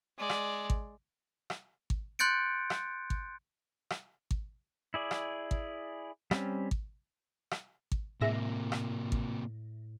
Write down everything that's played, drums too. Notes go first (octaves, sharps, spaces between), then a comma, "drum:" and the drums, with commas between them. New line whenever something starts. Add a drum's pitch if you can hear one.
G#3 D5
drum: rim click
drum: kick G#1
drum: rim click
drum: kick G#1
C6 F#6 G6 A6 C#7 D7
drum: rim click
drum: kick G#1
drum: rim click
drum: kick G#1
E4 G#4 D5
drum: rim click
drum: kick G#1
G3 C4 C#4, drum: rim click
drum: kick G#1
drum: rim click
drum: kick G#1
A2 C3 G#3 A#3 E5 A#6
drum: rim click
drum: kick G#1